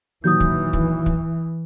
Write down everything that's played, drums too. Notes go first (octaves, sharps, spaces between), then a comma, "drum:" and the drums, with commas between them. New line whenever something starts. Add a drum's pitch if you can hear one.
A#2 D#3 E3 F#3 D#6 G6
drum: kick
drum: kick
drum: kick